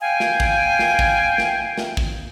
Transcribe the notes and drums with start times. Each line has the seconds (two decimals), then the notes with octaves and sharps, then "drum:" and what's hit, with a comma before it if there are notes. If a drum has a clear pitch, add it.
0.01 F5 G5 G#5
0.20 drum: snare
0.40 drum: kick
0.79 drum: snare
0.99 drum: kick
1.38 drum: snare
1.78 drum: snare
1.97 drum: kick